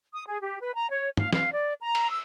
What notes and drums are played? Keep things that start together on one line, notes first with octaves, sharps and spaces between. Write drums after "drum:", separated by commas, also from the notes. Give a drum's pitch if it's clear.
D#6
G#4
G4
B4
A#5
C#5
F5, drum: tom
F5, drum: snare
D5
A#5
drum: cymbal
E6